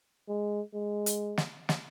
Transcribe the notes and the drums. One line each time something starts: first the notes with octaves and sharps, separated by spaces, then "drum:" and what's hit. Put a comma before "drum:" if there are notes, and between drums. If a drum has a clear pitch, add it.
G#3
G#3
drum: hi-hat
drum: snare
drum: snare